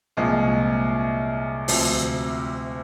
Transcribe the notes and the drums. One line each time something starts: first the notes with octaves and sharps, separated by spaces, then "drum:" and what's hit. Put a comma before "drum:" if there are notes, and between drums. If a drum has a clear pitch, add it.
C2 A#2 F3 G#3
D2 C3 F3, drum: open hi-hat